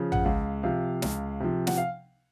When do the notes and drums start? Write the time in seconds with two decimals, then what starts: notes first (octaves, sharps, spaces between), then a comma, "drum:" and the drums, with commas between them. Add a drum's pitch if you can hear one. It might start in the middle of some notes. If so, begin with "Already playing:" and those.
Already playing: C#3 F3
0.12 F#5, drum: tom A1
0.25 C#2 F5
0.63 C3 F3 F5
1.02 C#2, drum: snare
1.40 C3 F3
1.67 F#5, drum: snare
1.78 F5